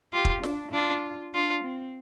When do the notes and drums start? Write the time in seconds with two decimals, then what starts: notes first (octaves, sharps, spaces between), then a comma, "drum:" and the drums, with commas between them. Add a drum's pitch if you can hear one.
0.13 F4 G4
0.25 drum: kick
0.43 D4, drum: snare
0.73 D4 F4
1.34 D4 F4
1.63 C4